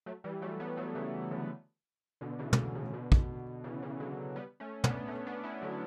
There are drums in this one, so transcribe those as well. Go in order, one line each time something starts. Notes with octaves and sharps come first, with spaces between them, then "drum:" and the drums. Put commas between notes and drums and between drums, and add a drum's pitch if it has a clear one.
F#3 A3
E3 G3
F#3 A3
G3 B3
F#3 A3
C#3 E3
D3 F#3
B2 D3
C#3 E3
drum: tom
A2 C#3
B2 D3
drum: kick
C#3 E3
C#3 E3
D3 F#3
G3 B3
A3 C#4
B3 D4, drum: tom
A3 C#4
B3 D4
C#4 E4
D3 F#3